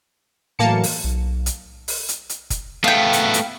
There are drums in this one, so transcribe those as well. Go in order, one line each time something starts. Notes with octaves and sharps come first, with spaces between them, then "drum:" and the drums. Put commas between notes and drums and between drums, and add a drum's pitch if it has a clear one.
A2 E3 F#3 A#3 A5 C#7
drum: open hi-hat
B1
drum: hi-hat
drum: open hi-hat
drum: hi-hat
drum: hi-hat
drum: kick F#1, hi-hat
A3 B3 F5 G5
drum: hi-hat
drum: hi-hat